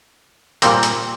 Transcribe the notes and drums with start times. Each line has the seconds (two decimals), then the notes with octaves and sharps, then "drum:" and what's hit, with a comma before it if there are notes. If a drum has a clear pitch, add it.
0.62 A#2 G3 A#3 C4, drum: hi-hat
0.83 drum: hi-hat